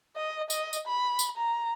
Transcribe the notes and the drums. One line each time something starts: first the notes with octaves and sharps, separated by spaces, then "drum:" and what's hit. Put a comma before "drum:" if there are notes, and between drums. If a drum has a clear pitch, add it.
D#5
D#5, drum: tambourine
drum: tambourine
B5
drum: tambourine
A#5